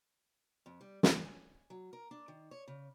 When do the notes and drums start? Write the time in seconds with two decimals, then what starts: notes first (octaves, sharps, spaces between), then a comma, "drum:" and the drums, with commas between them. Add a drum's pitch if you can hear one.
0.66 F2
0.81 G3
1.03 D#2, drum: snare
1.25 G#5
1.70 F#3
1.93 A#4
2.11 D4
2.28 D#3
2.51 C#5
2.68 C#3